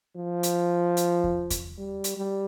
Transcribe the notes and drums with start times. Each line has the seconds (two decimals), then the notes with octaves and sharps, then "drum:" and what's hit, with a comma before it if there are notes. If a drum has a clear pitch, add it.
0.16 F3
0.43 drum: hi-hat
0.97 drum: hi-hat
1.24 drum: kick E2
1.51 drum: kick E2, hi-hat
1.78 G3
2.04 drum: hi-hat
2.17 G3